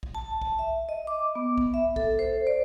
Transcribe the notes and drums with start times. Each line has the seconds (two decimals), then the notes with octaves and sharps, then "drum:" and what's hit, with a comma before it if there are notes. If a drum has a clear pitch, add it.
0.03 drum: kick
0.15 A5
0.42 drum: kick
0.59 E5
0.89 D#5
1.07 D6
1.35 B3
1.58 drum: kick
1.74 E5
1.96 A4, drum: kick
2.19 C5
2.47 D5